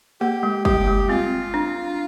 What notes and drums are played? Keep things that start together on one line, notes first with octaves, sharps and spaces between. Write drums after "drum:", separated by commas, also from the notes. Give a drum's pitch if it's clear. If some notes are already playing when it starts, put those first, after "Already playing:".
A#3 G4
G#3
G3 G4, drum: kick
G#3
C4 F4
D4